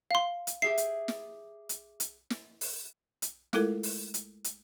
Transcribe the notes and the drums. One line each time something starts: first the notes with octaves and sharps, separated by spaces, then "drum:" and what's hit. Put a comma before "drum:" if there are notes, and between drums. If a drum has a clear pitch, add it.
F5 C6
drum: hi-hat
G4 G#4 E5 C7
drum: hi-hat
drum: snare
drum: hi-hat
drum: hi-hat
drum: snare
drum: open hi-hat
drum: hi-hat
G#3 A3 E4 F4 A4 A#4, drum: snare
drum: open hi-hat
drum: hi-hat
drum: hi-hat